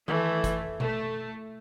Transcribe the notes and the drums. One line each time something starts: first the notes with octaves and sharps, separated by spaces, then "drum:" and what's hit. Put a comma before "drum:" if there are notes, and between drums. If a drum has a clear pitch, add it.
E3 A3, drum: tom D#3
drum: kick, hi-hat
A3, drum: tom B2